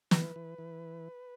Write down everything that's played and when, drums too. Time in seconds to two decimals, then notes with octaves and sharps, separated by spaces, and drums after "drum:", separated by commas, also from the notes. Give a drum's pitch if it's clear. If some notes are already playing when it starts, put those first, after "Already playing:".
0.11 E3 B4, drum: snare
0.36 E3
0.58 E3